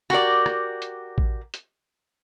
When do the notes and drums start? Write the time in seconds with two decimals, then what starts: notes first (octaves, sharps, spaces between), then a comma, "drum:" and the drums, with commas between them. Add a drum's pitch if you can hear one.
0.10 F#4 G4 A#4 D5, drum: rim click
0.46 drum: rim click
0.82 drum: hi-hat
1.18 drum: kick A1
1.54 drum: hi-hat